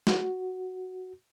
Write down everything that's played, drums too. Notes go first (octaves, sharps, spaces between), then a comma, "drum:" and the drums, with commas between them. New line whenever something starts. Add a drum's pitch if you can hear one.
F#4, drum: snare